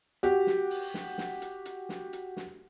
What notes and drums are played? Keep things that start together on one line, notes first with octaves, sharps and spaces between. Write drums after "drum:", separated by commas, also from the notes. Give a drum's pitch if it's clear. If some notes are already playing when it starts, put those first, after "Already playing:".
F#4 G4, drum: hi-hat
drum: snare
drum: open hi-hat
drum: snare
drum: snare
drum: hi-hat
drum: hi-hat
drum: snare
drum: hi-hat
drum: snare